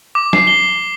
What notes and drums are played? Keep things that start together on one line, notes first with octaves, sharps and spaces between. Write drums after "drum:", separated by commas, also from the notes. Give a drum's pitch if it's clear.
D6
C7, drum: snare
G7